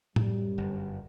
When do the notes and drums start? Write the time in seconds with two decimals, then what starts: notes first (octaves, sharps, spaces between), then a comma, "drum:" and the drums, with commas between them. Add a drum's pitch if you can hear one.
0.16 F#2 G3, drum: tom A2
0.58 G1